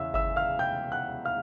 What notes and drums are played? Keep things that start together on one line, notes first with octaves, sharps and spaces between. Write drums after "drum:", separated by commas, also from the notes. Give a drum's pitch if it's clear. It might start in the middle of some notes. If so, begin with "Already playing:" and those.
Already playing: E2 C#3 E5 F5 E6
E5 E6, drum: kick G1
F5 F6
G5 G6
F#5 F#6
F5 F6